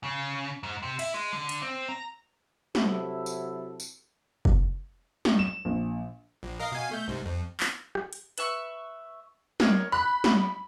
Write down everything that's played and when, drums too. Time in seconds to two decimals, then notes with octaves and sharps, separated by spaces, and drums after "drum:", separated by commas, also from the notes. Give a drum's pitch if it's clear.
0.04 C#3
0.63 G#2
0.83 C3
0.99 E4, drum: cymbal
1.14 G#3
1.33 D3
1.49 drum: hi-hat
1.62 C4
1.89 A#5
2.75 C3 F#3 E4 A4, drum: snare
3.26 drum: tambourine
3.80 drum: tambourine
4.45 drum: kick
5.25 drum: snare
5.39 E7
5.65 A#1
6.43 A#1
6.60 A#4 D#5 F5
6.72 B2 F5 G#5
6.91 A3 G6
7.08 C2 G#2
7.25 F2
7.60 drum: clap
7.95 drum: rim click
8.13 drum: hi-hat
8.38 B4 E5 C#6, drum: hi-hat
9.60 A#4 C#5, drum: snare
9.92 B5 F#6
10.24 drum: snare